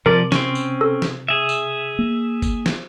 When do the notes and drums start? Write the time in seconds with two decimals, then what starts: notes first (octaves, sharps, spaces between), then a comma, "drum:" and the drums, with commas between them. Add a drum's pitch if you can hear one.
0.06 C3 F3 A#4 D5
0.32 C4 C#4, drum: snare
0.55 drum: tambourine
0.81 A4
1.02 drum: snare
1.28 G#4 E5
1.49 drum: tambourine
1.99 A#3
2.42 drum: kick F#1, tambourine
2.66 drum: snare